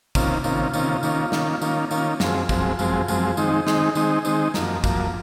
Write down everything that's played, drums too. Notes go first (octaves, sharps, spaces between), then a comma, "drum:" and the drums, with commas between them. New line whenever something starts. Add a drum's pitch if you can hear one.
C3 D#3 A#3 C#4 F4, drum: kick, tambourine
C3 D#3 A#3 C#4 F4, drum: tambourine
C3 D#3 A#3 C#4 F4, drum: tambourine
D#3 A#3 C#4 F4, drum: tambourine
D#3 A#3 C#4 F4, drum: snare
D#3 A#3 C#4 F4, drum: tambourine
D#3 A#3 C#4 F4, drum: tambourine
F#2 F3 G#3 C4, drum: snare
F#2 F3 G#3 C4, drum: kick, tambourine
F#2 F3 G#3 C4, drum: tambourine
F#2 F3 G#3 C4, drum: tambourine
D#3 G#3 C4 D#4, drum: tambourine
D#3 G#3 C4 D#4, drum: snare
D#3 G#3 C4 D#4, drum: tambourine
D#3 G#3 C4 D#4, drum: tambourine
F#2 F3 A#3, drum: snare
F#2 F3 A#3, drum: kick, tambourine